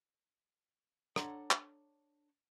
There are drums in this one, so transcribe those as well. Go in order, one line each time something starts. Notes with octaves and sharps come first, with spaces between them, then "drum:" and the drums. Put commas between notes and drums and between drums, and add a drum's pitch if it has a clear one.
D4 A4 C#5 F#5 A#5 C6, drum: rim click
drum: clap